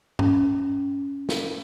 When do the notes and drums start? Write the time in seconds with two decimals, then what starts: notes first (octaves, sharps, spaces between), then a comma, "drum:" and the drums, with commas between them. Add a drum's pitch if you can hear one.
0.19 C#4, drum: tom G2
1.29 drum: snare